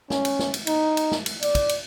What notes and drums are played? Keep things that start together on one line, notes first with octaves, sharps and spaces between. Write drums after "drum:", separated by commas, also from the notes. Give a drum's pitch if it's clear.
C#4, drum: snare
drum: cymbal
drum: snare
drum: cymbal
D#4, drum: cymbal
drum: cymbal
drum: snare
drum: cymbal
D5, drum: cymbal
drum: kick, cymbal
drum: cymbal